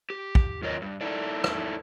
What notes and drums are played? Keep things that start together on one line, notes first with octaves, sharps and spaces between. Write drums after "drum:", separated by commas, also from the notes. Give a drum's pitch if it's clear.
G4
drum: kick
D#3 F#3 F4 A#4 C#5 D#5
G2
D#4 E4 A4 D5
drum: rim click